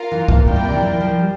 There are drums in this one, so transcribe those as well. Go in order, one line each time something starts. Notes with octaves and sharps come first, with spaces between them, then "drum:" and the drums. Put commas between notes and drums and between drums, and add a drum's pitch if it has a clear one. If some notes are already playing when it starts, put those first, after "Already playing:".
Already playing: F4 A#4 F5
E3
A#2, drum: kick C2
A2 E4 A#4 D5 G5
A#2
C3
E3
F3
F3
G3